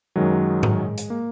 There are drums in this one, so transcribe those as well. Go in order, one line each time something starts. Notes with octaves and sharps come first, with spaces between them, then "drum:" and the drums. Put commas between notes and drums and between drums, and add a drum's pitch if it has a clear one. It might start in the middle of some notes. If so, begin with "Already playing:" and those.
F#2 D#3 F#3 G#3
drum: tom G#2
drum: hi-hat
A#3